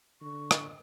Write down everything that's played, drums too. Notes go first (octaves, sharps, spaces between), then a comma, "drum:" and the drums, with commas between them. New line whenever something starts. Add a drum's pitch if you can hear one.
D3 C#6
drum: rim click